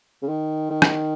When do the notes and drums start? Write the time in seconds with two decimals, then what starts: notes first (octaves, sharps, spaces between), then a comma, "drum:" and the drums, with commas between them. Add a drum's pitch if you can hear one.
0.22 C#3
0.29 D#3
0.71 D#3
0.82 drum: rim click